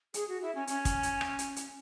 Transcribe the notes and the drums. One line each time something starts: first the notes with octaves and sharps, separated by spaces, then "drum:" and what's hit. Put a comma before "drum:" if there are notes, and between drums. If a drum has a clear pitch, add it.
G#4, drum: hi-hat
F#4
E4
C#4
C#4, drum: hi-hat
drum: kick, hi-hat
drum: hi-hat
drum: rim click
drum: hi-hat
drum: hi-hat